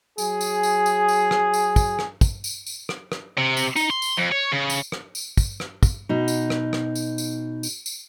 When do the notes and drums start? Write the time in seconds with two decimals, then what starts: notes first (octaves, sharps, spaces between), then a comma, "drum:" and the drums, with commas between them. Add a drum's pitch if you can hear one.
0.18 F#3 G#4, drum: tambourine
0.41 drum: tambourine
0.63 drum: tambourine
0.86 drum: tambourine
1.08 drum: tambourine
1.31 drum: rim click
1.54 drum: tambourine
1.76 drum: kick, tambourine
1.99 drum: rim click
2.21 drum: kick, tambourine
2.44 drum: tambourine
2.66 drum: tambourine
2.89 drum: rim click
3.12 drum: rim click
3.38 C3
3.57 drum: tambourine
3.76 D#4, drum: tambourine
3.90 C6
4.02 drum: tambourine
4.18 F2
4.32 C#5
4.53 C#3
4.70 drum: tambourine
4.92 drum: rim click
5.15 drum: tambourine
5.37 drum: kick, tambourine
5.60 drum: rim click
5.83 drum: kick, tambourine
6.09 B2 D#4
6.28 drum: tambourine
6.50 drum: rim click
6.73 drum: rim click
6.96 drum: tambourine
7.18 drum: tambourine
7.63 drum: tambourine
7.86 drum: tambourine